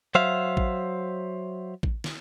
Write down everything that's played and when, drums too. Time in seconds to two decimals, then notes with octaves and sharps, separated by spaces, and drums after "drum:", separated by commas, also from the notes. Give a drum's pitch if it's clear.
0.15 F#3 C5 E5 F5
0.57 drum: kick A1
1.83 drum: kick A1
2.04 drum: snare